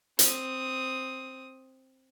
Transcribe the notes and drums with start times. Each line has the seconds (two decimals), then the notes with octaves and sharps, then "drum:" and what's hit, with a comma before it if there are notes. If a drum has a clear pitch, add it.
0.19 C4 D#6, drum: hi-hat